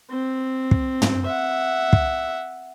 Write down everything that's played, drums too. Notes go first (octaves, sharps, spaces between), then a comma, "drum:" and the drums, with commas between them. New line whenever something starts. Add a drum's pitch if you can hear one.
C4
drum: kick
drum: tom
E5 F#5
drum: kick